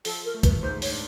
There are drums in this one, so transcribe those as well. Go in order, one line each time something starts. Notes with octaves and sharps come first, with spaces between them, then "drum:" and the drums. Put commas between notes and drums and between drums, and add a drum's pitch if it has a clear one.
F3 A4, drum: open hi-hat
A#4
A3
B4, drum: kick, hi-hat
G#2 C5
C#5, drum: open hi-hat
D4